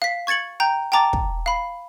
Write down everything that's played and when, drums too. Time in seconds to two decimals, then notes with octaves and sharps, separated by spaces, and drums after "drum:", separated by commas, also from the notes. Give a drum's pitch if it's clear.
0.02 F5 B6
0.27 C#6 G#6 A6 C#7 F#7
0.60 G5 A#5 G6
0.92 G5 A5 A#5 D6 A6
1.13 drum: kick
1.46 F5 B5